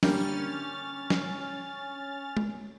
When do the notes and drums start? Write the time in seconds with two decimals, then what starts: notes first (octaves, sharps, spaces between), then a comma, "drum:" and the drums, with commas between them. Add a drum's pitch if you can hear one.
0.03 D3 G3 A#3 C#4 F6 A6, drum: snare
1.10 drum: snare
2.37 drum: tom G#3